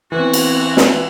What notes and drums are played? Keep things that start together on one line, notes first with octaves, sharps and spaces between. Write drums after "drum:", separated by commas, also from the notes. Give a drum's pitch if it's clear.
E3 B3 C4 F#4
drum: cymbal
drum: snare